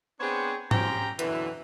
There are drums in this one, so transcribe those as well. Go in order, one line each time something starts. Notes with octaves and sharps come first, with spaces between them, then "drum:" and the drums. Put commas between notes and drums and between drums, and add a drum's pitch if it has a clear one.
B3 C4 D4 G#4 C5 C#5
C4 C#4 G4 C5 G5 A#5, drum: tom G#2
F#2 B2 D3 E3, drum: hi-hat